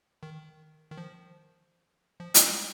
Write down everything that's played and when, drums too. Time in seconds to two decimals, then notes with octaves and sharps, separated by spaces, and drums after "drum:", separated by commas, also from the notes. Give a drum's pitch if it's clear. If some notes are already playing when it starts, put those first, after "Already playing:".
0.23 D#3
0.92 D#3
0.97 F3
2.20 F3
2.34 G3, drum: hi-hat
2.47 G#3